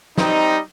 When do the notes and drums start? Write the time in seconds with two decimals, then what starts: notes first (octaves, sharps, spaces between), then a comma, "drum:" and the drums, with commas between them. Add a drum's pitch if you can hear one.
0.18 G3 C4 D#4, drum: snare